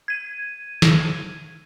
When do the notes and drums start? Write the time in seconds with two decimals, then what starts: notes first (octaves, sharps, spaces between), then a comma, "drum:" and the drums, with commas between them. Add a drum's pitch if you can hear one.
0.08 G#6 D#7
0.82 drum: snare